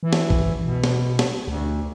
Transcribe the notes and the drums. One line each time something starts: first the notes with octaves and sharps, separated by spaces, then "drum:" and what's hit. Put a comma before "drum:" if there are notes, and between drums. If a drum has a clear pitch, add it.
E3
drum: snare
drum: kick
B2
drum: snare
drum: snare
D2